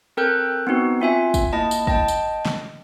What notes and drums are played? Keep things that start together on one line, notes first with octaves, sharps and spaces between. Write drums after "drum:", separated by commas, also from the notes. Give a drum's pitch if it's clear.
C4 A4 A#4 G5 F#6 G6
B3 C4 D#4 F#4
C4 F4 E5 G#5
drum: kick, tambourine
A#3 E4 D#5 A5
drum: tambourine
D#5 G5 A5, drum: kick
drum: tambourine
drum: snare